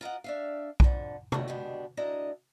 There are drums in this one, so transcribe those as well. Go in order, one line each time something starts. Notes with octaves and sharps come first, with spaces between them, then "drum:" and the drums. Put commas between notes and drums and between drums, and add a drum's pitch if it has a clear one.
F4 A#4 D#5 F#5
D4 E5 F5
F2 D3, drum: kick B1
A#2 D#3 E3 F#3 A3, drum: tom C3
B2 G#3 D4 G4
D2 D4 E4 D#5 A#5